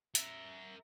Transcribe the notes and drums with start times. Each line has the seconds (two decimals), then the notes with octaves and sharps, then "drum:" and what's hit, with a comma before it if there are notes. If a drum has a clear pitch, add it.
0.15 A#4 E5, drum: hi-hat